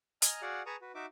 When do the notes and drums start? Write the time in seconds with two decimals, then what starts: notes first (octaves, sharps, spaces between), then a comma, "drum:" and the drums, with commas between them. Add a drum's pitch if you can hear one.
0.22 D#5 G#5 A#5 F6, drum: hi-hat
0.42 F#4 G#4 D5 F5 F#5
0.66 G#4 B4 A5 A#5 C#6 D#6
0.82 F#4 B4
0.95 D#4 F#4 E5 D6